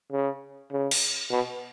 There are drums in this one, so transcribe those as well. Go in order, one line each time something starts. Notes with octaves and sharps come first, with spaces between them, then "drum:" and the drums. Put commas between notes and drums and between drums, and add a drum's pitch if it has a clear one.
C#3
C#3
drum: cymbal
B2